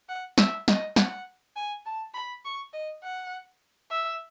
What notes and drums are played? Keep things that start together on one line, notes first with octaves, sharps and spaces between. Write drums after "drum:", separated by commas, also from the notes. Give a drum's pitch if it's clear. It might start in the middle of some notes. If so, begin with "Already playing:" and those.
F#5
E5, drum: snare
D#5, drum: snare
F#5, drum: snare
G#5
A5
B5
C#6
D#5
F#5
E5